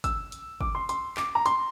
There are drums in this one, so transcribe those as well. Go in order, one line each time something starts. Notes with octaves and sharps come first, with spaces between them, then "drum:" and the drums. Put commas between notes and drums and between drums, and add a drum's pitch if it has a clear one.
E6, drum: kick, hi-hat
drum: hi-hat
D6, drum: kick
C6
C6, drum: hi-hat
D6, drum: clap
A#5
C6, drum: hi-hat